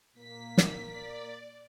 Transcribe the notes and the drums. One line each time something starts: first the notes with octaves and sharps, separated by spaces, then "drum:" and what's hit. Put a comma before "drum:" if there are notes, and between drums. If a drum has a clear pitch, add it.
A#2 A#3 B6
drum: snare
D5